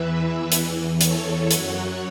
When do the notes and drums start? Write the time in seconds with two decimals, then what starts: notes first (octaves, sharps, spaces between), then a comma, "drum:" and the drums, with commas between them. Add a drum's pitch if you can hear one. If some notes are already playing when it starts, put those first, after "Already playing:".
Already playing: E2 E3 B4 E5
0.52 E2 E3, drum: hi-hat
1.01 A4 C#5, drum: hi-hat
1.51 F#2 F#3 C#5 F#5, drum: hi-hat